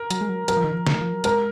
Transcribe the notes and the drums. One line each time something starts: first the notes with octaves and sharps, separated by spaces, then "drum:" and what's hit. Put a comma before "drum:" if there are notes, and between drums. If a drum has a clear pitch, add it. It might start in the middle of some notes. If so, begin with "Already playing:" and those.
Already playing: A#4
F#3, drum: hi-hat
G#3
F#3
F#3 A#4, drum: hi-hat
F3
D#3
F3
drum: snare
F3
F#3
G#3 A#4, drum: hi-hat